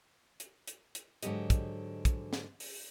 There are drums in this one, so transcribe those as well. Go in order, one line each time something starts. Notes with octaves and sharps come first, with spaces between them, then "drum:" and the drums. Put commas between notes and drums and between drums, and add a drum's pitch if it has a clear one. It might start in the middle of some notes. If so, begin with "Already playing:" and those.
drum: hi-hat
drum: hi-hat
drum: hi-hat
G#2 D3 F#3 C#4 G4 D#5, drum: hi-hat
drum: kick, hi-hat
drum: kick, hi-hat
drum: snare
drum: open hi-hat